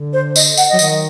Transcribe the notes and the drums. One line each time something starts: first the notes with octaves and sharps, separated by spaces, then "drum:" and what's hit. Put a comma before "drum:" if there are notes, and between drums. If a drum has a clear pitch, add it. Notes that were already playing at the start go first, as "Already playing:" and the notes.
Already playing: D3
C5
D#5, drum: tambourine
F#5, drum: tambourine
D#5
F#3
D#3, drum: tambourine